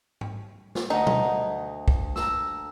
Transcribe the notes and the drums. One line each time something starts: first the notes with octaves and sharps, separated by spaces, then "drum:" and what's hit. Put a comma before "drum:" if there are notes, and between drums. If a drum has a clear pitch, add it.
drum: tom G#2
drum: snare
D2 D#4 F#5 A#5
drum: tom B2
drum: kick
A#5 E6, drum: snare